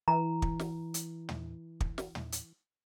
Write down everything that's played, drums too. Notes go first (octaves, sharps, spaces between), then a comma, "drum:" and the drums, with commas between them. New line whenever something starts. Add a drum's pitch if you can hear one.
E3 A#5
drum: kick
drum: snare
drum: hi-hat
drum: tom
drum: kick
drum: snare
drum: tom
drum: hi-hat